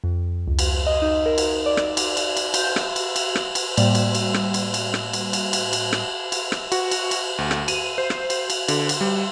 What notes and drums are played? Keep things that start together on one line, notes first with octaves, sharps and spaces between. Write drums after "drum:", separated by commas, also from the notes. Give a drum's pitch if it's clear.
F2
C#2
drum: cymbal
D#5
D#4
A#4
drum: cymbal
D5
drum: rim click
drum: cymbal
drum: cymbal
drum: cymbal
G6, drum: cymbal
drum: rim click
drum: cymbal
drum: cymbal
drum: rim click
drum: cymbal
A2 G3 A#3 C5 D5 G5, drum: cymbal
drum: cymbal
drum: cymbal
drum: rim click
drum: cymbal
drum: cymbal
drum: rim click
drum: cymbal
drum: cymbal
drum: cymbal
drum: cymbal
drum: rim click
drum: cymbal
drum: rim click
F#4, drum: cymbal
drum: cymbal
drum: cymbal
D2
drum: rim click
D#7, drum: cymbal
C5
drum: rim click
drum: cymbal
drum: cymbal
D3, drum: cymbal
drum: cymbal
G3